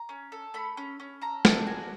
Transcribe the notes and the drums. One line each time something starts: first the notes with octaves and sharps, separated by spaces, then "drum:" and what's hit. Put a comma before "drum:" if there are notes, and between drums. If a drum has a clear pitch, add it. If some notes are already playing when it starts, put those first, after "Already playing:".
Already playing: A#5
C#4
A4
A3 B5
C#4
C#4
A4 A#5
D4 A5, drum: snare
F#4 G#5